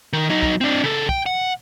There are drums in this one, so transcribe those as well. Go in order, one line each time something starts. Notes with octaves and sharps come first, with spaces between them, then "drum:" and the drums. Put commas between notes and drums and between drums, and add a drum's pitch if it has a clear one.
D#3
F#3 D#4
drum: kick
C4 D4
C#3 A4
G5, drum: kick
F#5